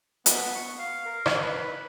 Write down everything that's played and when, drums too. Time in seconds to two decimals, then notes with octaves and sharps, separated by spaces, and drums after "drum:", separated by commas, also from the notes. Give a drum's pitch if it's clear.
0.26 B3, drum: hi-hat
0.55 C#6
0.79 F5
1.06 A#4
1.26 drum: rim click
1.42 B4